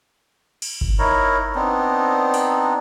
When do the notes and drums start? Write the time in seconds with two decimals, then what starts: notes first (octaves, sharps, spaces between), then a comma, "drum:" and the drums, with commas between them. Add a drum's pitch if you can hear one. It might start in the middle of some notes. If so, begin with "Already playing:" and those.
0.62 drum: cymbal
0.81 drum: kick G1
0.99 D#4 E4 A#4 C#5
1.55 B3 C4 D4 D#4
2.34 drum: open hi-hat